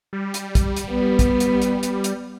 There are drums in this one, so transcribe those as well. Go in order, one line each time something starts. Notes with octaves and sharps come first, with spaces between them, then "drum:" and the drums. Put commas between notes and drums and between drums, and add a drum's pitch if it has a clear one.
G3
drum: hi-hat
drum: kick, hi-hat
drum: hi-hat
B3
drum: kick, hi-hat
drum: hi-hat
drum: hi-hat
drum: hi-hat
drum: hi-hat